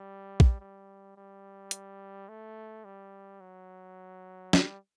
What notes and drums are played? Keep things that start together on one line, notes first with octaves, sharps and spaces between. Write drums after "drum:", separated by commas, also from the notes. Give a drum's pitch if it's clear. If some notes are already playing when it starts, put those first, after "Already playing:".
Already playing: G3
drum: kick
G3
G3
drum: hi-hat
A3
G3
F#3
G3, drum: snare